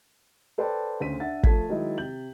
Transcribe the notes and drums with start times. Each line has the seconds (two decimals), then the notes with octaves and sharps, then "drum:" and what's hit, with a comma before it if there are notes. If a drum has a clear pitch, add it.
0.58 A4 B4 C5 D5 G5 A5
1.00 D2 C#3 C5 B6 D#7
1.20 D4 E5 F#5 A6
1.43 F3 A3 A5 G#6 B6, drum: kick
1.69 D#3 F#3 G#3 D#4 E4
1.98 C3 G6 F#7